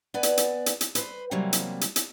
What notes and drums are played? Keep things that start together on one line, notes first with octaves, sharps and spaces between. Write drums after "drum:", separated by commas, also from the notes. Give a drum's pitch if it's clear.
B3 B4 D5 G#5
drum: hi-hat
drum: hi-hat
drum: hi-hat
drum: hi-hat
B4 C5, drum: hi-hat
C3 E3 F#3 G3 A#3 C4
drum: hi-hat
drum: hi-hat
drum: hi-hat